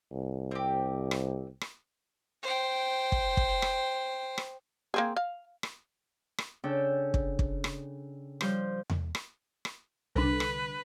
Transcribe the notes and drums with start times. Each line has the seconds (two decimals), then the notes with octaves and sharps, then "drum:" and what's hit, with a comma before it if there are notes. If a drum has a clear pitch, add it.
0.11 C2
0.51 C4 G4
1.11 drum: rim click
1.61 drum: rim click
2.43 C5 G5
3.12 drum: kick
3.37 drum: kick
3.62 drum: rim click
4.38 drum: rim click
4.94 A#3 C4 G#4
5.16 F5
5.63 drum: rim click
6.38 drum: rim click
6.64 C#3 D4 A4 G5
7.14 drum: kick
7.39 drum: kick
7.64 drum: rim click
8.41 F3 G3 C5 G6, drum: rim click
8.90 drum: tom E2
9.15 drum: rim click
9.65 drum: rim click
10.16 C2 D3 B4
10.40 drum: rim click